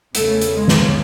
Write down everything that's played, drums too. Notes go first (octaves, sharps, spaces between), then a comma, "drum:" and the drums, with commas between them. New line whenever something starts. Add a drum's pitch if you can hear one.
E2 C#3 A3, drum: hi-hat
drum: hi-hat
G#3
drum: snare